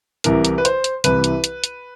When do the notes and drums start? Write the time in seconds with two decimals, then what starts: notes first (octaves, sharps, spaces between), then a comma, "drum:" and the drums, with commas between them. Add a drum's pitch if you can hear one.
0.24 C2 C3 E3 A#4, drum: hi-hat
0.45 drum: hi-hat
0.58 B4
0.65 C5, drum: hi-hat
0.84 drum: hi-hat
1.04 C2 C3 E3 B4, drum: hi-hat
1.24 drum: hi-hat
1.44 drum: hi-hat
1.64 drum: hi-hat